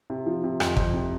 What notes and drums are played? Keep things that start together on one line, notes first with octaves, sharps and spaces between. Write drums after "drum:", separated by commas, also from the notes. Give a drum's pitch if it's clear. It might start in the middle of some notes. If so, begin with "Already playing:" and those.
C3
F3
C3
F2, drum: rim click
F2, drum: kick
C3